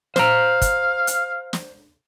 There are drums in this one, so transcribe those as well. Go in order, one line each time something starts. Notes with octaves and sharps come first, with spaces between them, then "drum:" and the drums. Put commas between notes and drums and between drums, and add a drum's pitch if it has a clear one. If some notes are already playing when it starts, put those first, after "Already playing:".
C5 F5 A#5, drum: snare
drum: kick, hi-hat
drum: hi-hat
drum: snare